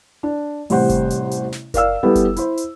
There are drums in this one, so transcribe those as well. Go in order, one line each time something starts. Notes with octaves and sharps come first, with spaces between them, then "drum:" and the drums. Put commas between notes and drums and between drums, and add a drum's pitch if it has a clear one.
D4
A1 C3 G3 C5 F#5, drum: open hi-hat
drum: kick F#1, hi-hat
drum: hi-hat
drum: hi-hat
drum: snare
A#4 D5 F5 E6, drum: kick F#1, hi-hat
G3 B3 E4 A4 B4
drum: kick F#1, hi-hat
E4 C5, drum: hi-hat
drum: hi-hat